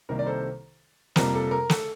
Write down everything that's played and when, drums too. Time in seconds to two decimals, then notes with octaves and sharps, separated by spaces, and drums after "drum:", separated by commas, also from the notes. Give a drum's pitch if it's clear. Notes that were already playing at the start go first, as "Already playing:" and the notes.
0.09 C2 C3 D#3 G3 A#3 A#4
0.19 D5
0.26 A4 C5
1.16 F2 C3 G3 A#3 A#4, drum: snare
1.34 A4
1.51 A#4
1.70 A4, drum: snare